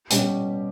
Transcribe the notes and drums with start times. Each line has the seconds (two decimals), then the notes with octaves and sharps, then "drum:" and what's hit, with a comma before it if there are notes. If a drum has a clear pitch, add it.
0.10 B2 G3 C#4 G4, drum: hi-hat